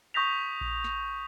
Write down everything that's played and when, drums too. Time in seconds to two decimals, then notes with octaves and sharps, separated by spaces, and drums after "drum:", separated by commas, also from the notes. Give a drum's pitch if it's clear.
0.14 C#6 D#6 G6 A#6 B6 F7
0.61 drum: kick A#1
0.84 drum: snare